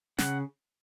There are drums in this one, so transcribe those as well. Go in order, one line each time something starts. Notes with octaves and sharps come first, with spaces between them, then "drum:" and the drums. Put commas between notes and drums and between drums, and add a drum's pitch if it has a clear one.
C#3 F#5, drum: snare